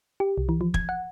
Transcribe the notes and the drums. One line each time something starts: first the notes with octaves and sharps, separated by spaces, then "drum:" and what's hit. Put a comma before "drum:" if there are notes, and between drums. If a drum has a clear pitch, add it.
G4
C2
E3
F3
G#6, drum: kick
F#5